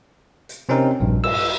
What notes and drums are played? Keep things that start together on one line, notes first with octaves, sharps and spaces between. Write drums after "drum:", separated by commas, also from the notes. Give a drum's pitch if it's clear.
drum: hi-hat
C3 C4 C#4 D#4 A#4
A#1 G2
E6, drum: cymbal